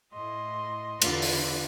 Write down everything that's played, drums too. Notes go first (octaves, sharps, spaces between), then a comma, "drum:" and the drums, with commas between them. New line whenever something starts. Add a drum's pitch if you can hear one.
A2 D#5 C6
E2 D3 F4 B4, drum: cymbal
drum: open hi-hat